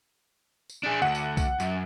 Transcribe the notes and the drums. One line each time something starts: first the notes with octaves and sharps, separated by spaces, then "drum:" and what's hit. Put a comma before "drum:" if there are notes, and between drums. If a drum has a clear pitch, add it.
drum: tambourine
D4 G#4
D2 F#5
drum: tambourine
drum: kick B1, tambourine
F#2, drum: tambourine